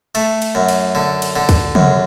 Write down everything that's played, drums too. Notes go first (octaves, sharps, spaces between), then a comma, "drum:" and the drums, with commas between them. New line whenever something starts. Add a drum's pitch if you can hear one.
A3, drum: cymbal
drum: cymbal
F#2
drum: cymbal
D3
drum: cymbal
D3
drum: kick, cymbal
F#2, drum: tom